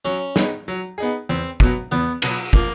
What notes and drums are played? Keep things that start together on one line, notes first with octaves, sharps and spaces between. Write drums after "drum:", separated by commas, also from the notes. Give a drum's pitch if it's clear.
F#3 C#4
B3 D#4 G#4, drum: snare
F#3
B3 D#4 G#4
E2 C4
B2 F#3 B3, drum: kick
E2 B3
B2 F#3 B3, drum: cymbal
F3 A#3, drum: kick